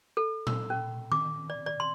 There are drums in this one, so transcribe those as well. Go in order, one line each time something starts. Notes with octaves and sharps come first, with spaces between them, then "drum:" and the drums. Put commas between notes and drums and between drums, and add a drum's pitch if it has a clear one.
A4
E6, drum: tom A#2
C#4
D6, drum: tom D#3
D5
D5
C6